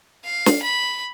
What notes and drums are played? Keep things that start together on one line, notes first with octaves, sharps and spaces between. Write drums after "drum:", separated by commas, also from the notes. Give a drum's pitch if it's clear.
F5
drum: snare
B5